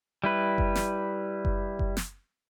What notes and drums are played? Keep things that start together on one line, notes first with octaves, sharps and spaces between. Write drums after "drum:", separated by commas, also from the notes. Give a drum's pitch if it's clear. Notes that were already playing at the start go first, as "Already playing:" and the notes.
G3 E4 B4
drum: kick F#1
drum: snare
drum: kick F#1
drum: kick F#1
drum: snare